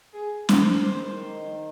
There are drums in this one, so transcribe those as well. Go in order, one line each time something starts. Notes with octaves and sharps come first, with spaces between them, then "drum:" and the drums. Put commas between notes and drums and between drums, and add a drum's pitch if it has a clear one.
G#4
C5, drum: snare
D#3 C5